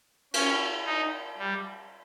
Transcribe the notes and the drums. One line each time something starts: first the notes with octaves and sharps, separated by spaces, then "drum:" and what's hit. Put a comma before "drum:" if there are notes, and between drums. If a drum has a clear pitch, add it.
C#4, drum: cymbal
D#4
G3